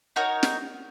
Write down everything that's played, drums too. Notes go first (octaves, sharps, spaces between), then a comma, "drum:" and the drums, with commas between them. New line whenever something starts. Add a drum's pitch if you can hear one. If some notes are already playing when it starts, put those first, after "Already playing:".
D#4 F#4 A#4 C#5
drum: snare